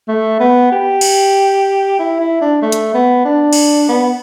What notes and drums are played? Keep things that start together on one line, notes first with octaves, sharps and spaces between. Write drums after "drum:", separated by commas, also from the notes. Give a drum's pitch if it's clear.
A3
B3
G4
drum: cymbal
E4
E4
D4
A3
drum: hi-hat
B3
D4
drum: cymbal
B3